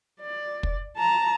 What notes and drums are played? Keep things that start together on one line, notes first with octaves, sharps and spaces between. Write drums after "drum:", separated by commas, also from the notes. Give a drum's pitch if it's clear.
D5
drum: kick
A5 A#5